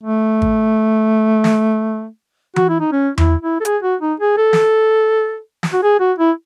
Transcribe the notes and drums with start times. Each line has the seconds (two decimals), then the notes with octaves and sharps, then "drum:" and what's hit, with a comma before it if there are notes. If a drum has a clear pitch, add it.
0.04 A3
0.42 drum: kick G#1
1.44 drum: snare
2.56 F#4, drum: tom E3
2.69 E4
2.80 D#4
2.92 C#4
3.18 E4, drum: tom E2
3.42 E4
3.61 A4
3.65 G#4, drum: hi-hat
3.83 F#4
4.01 D#4
4.20 G#4
4.37 A4
4.53 drum: snare
5.63 drum: snare
5.73 F#4
5.83 G#4
6.00 F#4
6.19 E4